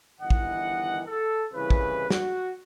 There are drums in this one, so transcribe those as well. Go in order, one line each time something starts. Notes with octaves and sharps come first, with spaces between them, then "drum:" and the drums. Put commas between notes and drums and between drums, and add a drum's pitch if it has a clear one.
G1 D#3 E3 D#5 F#5
drum: kick
A4
C2 C#3 E3 B4
drum: kick
F#4, drum: snare